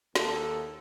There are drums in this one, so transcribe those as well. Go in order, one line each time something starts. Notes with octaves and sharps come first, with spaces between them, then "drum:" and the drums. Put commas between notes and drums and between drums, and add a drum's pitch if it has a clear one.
D#2 A4, drum: snare